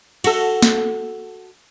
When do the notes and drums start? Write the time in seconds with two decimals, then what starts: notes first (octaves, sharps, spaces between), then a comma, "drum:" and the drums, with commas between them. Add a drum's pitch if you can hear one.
0.24 F#4 A4, drum: cymbal
0.62 drum: snare